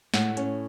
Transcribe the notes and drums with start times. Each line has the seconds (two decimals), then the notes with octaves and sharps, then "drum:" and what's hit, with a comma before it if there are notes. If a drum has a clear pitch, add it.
0.14 A2 F#5, drum: snare
0.37 C#4, drum: hi-hat